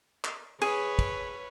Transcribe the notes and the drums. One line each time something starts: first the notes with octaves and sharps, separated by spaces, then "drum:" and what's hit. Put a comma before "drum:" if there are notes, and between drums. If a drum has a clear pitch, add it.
drum: clap
G#4 B4 C#5, drum: cymbal
drum: kick, cymbal